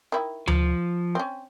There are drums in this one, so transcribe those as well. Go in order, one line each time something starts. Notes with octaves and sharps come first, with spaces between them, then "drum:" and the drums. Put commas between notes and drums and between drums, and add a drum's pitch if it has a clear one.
D#3 E4
F3, drum: tom D2
C4 C#4